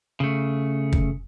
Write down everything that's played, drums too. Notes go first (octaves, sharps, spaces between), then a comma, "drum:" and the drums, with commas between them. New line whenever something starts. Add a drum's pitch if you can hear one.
C#3 A3
drum: kick